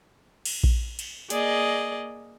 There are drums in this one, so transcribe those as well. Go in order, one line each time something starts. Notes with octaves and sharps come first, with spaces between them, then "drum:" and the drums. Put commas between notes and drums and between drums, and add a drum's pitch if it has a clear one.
drum: cymbal
drum: kick A#1
drum: cymbal
A#3 G#4 D5 D#5, drum: hi-hat